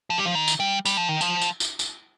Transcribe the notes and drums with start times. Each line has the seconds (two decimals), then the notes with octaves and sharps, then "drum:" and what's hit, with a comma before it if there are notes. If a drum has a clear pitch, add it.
0.10 F3
0.18 G3
0.25 F3
0.35 D#3
0.48 drum: tambourine
0.60 G3
0.85 G3, drum: tambourine
0.97 F3
1.09 D#3
1.21 F3, drum: tambourine
1.42 drum: tambourine
1.60 drum: tambourine
1.79 drum: tambourine